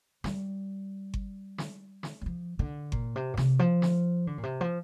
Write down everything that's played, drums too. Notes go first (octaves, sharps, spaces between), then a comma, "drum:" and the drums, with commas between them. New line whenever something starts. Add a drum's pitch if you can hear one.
G3, drum: snare
drum: kick G1
drum: snare
drum: snare
G3
F3
D3
A#2, drum: kick G1
C3
A#2
C3, drum: snare
F3
drum: snare
D3
A#2
C3
F3